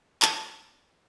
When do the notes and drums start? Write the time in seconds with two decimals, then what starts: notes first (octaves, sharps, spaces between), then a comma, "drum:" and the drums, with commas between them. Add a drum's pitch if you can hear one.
0.22 A5, drum: clap